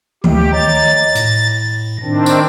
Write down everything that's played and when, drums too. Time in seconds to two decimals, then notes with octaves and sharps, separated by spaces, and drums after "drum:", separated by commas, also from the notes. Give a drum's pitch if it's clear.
0.24 D2 A3 G4, drum: tom D#3
0.52 C#5 D#5 A#5 A6
1.15 A2 A#6, drum: hi-hat
2.03 D#3 C4 D4
2.26 drum: tambourine